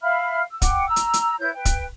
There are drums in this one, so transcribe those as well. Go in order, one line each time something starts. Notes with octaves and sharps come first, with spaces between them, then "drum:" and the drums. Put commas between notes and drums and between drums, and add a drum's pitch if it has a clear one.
E5 F5 B5 F6
E6
F#5 G5 D6, drum: kick, hi-hat
A#5 E6
drum: hi-hat
drum: hi-hat
E4 B4 C#5 G6
B4 G5
drum: kick, hi-hat